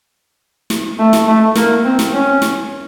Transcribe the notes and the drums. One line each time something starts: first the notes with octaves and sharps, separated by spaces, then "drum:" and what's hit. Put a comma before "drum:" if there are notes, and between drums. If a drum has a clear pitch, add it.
drum: snare
A3
drum: snare
A3
A#3, drum: snare
C4
drum: snare
C#4
drum: snare